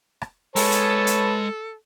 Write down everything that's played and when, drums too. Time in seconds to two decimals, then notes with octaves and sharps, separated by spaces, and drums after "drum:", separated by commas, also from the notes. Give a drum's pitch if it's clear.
0.22 drum: rim click
0.56 G#3 A4 B4 C#5 A5, drum: open hi-hat
0.72 drum: hi-hat
1.07 drum: hi-hat